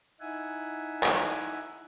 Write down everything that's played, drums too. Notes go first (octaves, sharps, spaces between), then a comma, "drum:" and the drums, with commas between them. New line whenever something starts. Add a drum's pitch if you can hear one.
D#4 E4 E5 F#5 G#5
drum: clap